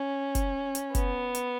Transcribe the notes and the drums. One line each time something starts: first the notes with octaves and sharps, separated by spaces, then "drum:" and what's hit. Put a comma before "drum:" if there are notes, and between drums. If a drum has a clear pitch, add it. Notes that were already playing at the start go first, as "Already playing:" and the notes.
Already playing: C#4
drum: kick, hi-hat
drum: hi-hat
B3, drum: kick, hi-hat
drum: hi-hat